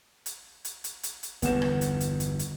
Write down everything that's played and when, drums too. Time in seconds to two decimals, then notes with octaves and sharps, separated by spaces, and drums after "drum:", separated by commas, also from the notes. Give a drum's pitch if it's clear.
0.26 drum: hi-hat
0.65 drum: hi-hat
0.84 drum: hi-hat
1.03 drum: hi-hat
1.23 drum: hi-hat
1.42 G1 E2 G2 B3 F#5 E7, drum: hi-hat
1.62 drum: rim click
1.81 drum: hi-hat
2.01 drum: hi-hat
2.20 drum: hi-hat
2.39 drum: hi-hat